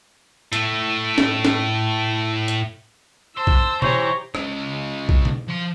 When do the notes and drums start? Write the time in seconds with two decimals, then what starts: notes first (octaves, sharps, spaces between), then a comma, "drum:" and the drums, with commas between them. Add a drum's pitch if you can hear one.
0.53 A2 A3, drum: hi-hat
1.18 drum: snare C#4
1.45 drum: snare C#4
2.48 drum: hi-hat
3.37 C5 A5 E6
3.47 drum: kick A#1
3.82 E3 G4 C5 C#5 A#5, drum: tom B2
4.35 C#3 G#3, drum: rim click
5.09 drum: kick A#1
5.25 drum: tom B2
5.48 F3 C6